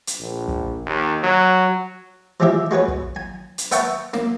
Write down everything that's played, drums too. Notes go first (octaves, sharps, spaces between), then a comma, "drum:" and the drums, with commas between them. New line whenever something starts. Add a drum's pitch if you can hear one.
drum: hi-hat
A#1
drum: kick
D#2
F#3
E3 F3 G#3 G4 E5
G#3 F#4 B4 C#5
drum: kick
G#5
drum: hi-hat
B4 E5 F#5 G5 A5 C#6, drum: hi-hat
A#3, drum: snare